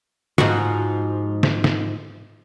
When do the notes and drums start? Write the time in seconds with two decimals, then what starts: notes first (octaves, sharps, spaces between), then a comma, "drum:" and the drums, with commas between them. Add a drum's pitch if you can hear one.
0.38 G#2 F3 F#4, drum: snare
1.43 drum: snare
1.64 drum: snare